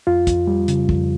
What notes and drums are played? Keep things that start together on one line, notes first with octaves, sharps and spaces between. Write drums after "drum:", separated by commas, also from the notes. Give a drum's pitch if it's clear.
F2 F4
F2, drum: kick, hi-hat
G3
C#3, drum: hi-hat
F2, drum: kick